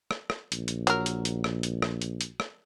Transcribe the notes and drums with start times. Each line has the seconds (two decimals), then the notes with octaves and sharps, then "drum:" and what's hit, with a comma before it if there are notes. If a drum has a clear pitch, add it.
0.11 drum: rim click
0.30 drum: rim click
0.52 A#1, drum: hi-hat
0.68 drum: hi-hat
0.87 F#3 A#4, drum: hi-hat
1.06 drum: hi-hat
1.25 drum: hi-hat
1.44 drum: rim click
1.63 drum: hi-hat
1.82 drum: rim click
2.02 drum: hi-hat
2.21 drum: hi-hat
2.40 drum: rim click